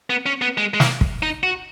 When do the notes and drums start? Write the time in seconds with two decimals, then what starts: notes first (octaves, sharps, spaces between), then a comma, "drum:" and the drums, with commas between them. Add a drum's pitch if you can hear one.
0.10 B3
0.26 C#4
0.42 B3
0.57 G#3
0.74 G#3
0.80 A#3, drum: snare
1.01 drum: kick
1.23 D#4
1.43 F#4